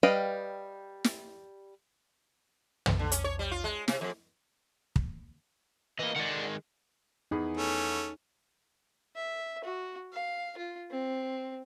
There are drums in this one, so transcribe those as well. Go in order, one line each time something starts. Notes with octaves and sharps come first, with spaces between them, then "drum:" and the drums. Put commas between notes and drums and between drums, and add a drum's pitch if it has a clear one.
G3 B4 D#5 F5 G5
drum: snare
drum: tom
D3
C#4, drum: hi-hat
C#5
G3
F4
G#3
C3, drum: snare
F2
drum: kick
E3 A#3 D#5
D#3 G#3 D5 F#5
E2 D#4 G#4 B5
A3 C#4
E5
F#4
F5
F4
C4